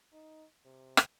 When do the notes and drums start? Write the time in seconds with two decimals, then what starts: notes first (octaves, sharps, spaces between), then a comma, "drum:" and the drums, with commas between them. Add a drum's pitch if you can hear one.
0.13 D#4
0.65 C3
0.97 drum: rim click